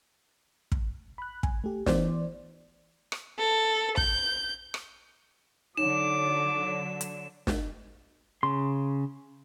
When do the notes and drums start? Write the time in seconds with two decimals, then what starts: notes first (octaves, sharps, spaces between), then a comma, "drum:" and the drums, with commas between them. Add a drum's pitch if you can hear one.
0.72 drum: kick
1.18 B5 F#6
1.43 G#5, drum: kick
1.64 A3 G4
1.86 E3 B3 C5 D5, drum: snare
3.12 drum: rim click
3.39 A4
3.97 G6, drum: kick
4.74 drum: rim click
5.77 D3 F#3 D#4 C#5 D6 E7
7.01 drum: hi-hat
7.47 drum: snare
8.43 C#3 C6